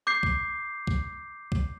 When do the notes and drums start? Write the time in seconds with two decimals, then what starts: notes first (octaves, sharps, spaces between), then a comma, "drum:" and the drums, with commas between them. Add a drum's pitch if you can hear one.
0.07 D6 G6 C7
0.23 drum: kick C2
0.87 drum: kick C2
1.52 drum: kick C2